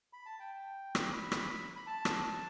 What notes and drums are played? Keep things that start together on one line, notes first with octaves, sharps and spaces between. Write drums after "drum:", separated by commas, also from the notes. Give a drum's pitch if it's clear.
B5
A5
G5
drum: rim click
B5
drum: rim click
B5
A5
drum: rim click